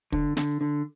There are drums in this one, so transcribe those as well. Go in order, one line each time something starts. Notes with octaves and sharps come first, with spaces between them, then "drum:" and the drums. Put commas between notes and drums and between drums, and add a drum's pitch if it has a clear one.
D3, drum: kick
D3, drum: snare
D3